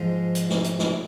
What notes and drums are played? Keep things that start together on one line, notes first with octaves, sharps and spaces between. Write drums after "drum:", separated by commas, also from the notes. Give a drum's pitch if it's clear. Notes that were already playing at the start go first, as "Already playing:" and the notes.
Already playing: G#2 F3 G#3
drum: hi-hat
drum: snare
drum: hi-hat
drum: snare